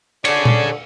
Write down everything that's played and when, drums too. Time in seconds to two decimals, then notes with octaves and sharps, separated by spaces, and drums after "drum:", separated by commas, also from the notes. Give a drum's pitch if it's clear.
0.25 D3 G#4 C#5 D5, drum: cymbal
0.45 drum: tom A#2